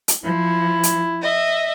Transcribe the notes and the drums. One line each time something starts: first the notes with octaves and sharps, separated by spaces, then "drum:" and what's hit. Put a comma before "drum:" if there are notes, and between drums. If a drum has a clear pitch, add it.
drum: hi-hat
F3 E4
drum: hi-hat
D#5 E5